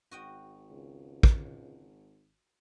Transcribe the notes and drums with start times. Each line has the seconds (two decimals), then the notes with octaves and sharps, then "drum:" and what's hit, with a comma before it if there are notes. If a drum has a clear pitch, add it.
0.11 G#1 F#4 D#5 G5
0.71 C#2
1.23 drum: kick